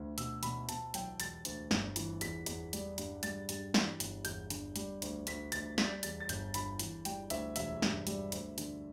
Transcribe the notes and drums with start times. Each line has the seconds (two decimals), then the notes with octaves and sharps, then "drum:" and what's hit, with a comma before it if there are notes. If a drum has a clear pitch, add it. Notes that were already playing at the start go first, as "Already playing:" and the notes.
Already playing: D2
0.18 B2 E6, drum: hi-hat
0.43 B2 B5, drum: hi-hat
0.69 B2 A5, drum: hi-hat
0.94 B1 G5, drum: hi-hat
1.20 E1 A6, drum: hi-hat
1.45 D2, drum: hi-hat
1.71 G1, drum: snare
1.96 E3, drum: hi-hat
2.21 E2 B6, drum: hi-hat
2.46 E2, drum: hi-hat
2.73 G3, drum: hi-hat
2.98 G2, drum: hi-hat
3.23 G3 A6, drum: hi-hat
3.49 G2, drum: hi-hat
3.74 E3, drum: snare
4.00 G1, drum: hi-hat
4.25 E2 G6, drum: hi-hat
4.50 D3, drum: hi-hat
4.76 G3, drum: hi-hat
5.02 D2, drum: hi-hat
5.27 D2 B6, drum: hi-hat
5.52 D2 A6, drum: hi-hat
5.78 G3 B6, drum: snare
6.03 E2 A6, drum: hi-hat
6.20 A6
6.29 G1 G6, drum: hi-hat
6.54 D3 B5, drum: hi-hat
6.79 E3, drum: hi-hat
7.05 G3 G5, drum: hi-hat
7.30 D2 E5, drum: hi-hat
7.56 E1 E5, drum: hi-hat
7.82 G2, drum: snare
8.07 G3, drum: hi-hat
8.32 D2, drum: hi-hat
8.58 D3, drum: hi-hat